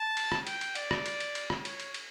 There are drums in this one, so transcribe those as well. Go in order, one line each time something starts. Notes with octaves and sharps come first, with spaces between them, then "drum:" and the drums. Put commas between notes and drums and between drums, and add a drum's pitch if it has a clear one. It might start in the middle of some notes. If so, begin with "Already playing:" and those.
Already playing: A5
drum: cymbal
drum: rim click
G5, drum: cymbal
drum: cymbal
D5, drum: cymbal
drum: rim click
drum: cymbal
drum: cymbal
drum: cymbal
drum: rim click
C#5, drum: cymbal
drum: cymbal
drum: cymbal